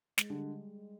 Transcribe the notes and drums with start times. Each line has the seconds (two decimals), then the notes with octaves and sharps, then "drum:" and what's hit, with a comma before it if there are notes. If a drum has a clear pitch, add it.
0.18 G#3, drum: snare
0.30 D3 G3